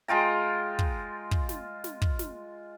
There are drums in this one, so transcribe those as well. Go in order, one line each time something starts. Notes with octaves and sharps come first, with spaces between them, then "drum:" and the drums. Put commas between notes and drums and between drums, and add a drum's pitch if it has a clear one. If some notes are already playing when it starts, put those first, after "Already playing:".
G#3 F4 G5 A#5
drum: kick
drum: kick
drum: snare
drum: snare
drum: kick
drum: snare